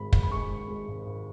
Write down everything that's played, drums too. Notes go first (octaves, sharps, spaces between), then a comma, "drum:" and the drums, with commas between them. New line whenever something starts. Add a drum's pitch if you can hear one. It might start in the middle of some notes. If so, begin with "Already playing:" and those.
Already playing: G#1 G#3 B5
G#1, drum: kick
B5
G#3 C#6
G#2
G#3
G#1
G#1